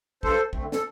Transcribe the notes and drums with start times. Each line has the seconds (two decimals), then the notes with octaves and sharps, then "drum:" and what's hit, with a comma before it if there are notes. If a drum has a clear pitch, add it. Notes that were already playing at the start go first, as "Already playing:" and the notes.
0.23 G2 A4 C5, drum: kick
0.53 D3 A3 C4, drum: kick
0.72 A4, drum: snare